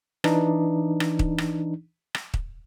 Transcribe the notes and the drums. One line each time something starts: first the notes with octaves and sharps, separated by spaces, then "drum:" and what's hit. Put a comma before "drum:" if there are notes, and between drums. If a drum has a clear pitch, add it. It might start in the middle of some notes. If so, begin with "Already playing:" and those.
E3 D4 D#4, drum: rim click
drum: rim click
drum: kick
drum: rim click
drum: rim click
drum: kick